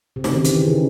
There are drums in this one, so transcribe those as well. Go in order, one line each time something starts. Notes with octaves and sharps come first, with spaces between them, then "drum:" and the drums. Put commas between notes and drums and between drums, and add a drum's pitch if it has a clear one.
C3
C#3, drum: snare
D#3
E3, drum: hi-hat
D#3
C#3